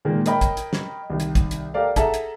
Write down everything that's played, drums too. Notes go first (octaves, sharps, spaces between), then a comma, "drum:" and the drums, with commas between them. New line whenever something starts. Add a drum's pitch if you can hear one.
A#2 D#3 G#3 A#3
A#4 C#5 D#5 G5 B5, drum: hi-hat
drum: kick, hi-hat
drum: hi-hat
drum: snare
C2 D#3
drum: hi-hat
drum: kick, hi-hat
drum: hi-hat
G4 A4 A#4 D5 F5
G#4 A4 E5 F#5 A5 A#5, drum: kick, hi-hat
drum: hi-hat